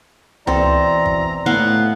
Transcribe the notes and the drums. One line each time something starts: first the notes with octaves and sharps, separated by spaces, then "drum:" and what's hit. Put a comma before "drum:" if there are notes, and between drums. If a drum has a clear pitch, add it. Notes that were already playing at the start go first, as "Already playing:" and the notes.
B2 E3 C4 A4 D5 A#5, drum: tom C#2
drum: kick G#1
A2 B3 E4 F5 F#5